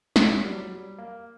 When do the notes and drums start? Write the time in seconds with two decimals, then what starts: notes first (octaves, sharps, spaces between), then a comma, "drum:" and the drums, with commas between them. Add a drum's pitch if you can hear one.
0.16 G3, drum: snare
0.30 G3
0.38 F#3
0.43 G3
0.58 F#3
0.71 G3
0.98 A#3